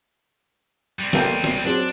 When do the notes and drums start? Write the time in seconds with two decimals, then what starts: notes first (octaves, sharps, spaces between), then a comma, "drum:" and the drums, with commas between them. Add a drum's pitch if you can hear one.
0.99 G3 C4
1.13 A#3 A4 G5, drum: snare
1.44 drum: snare
1.65 F#3 C4 D4 G#4